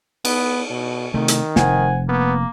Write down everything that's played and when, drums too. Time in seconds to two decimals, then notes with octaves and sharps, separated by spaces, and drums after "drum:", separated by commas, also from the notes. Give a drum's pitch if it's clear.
0.25 B3, drum: cymbal
0.70 B2
1.14 C3 D#3 A3
1.28 drum: hi-hat
1.56 F1 C5 F#5 G#5, drum: snare
2.09 A#3 B3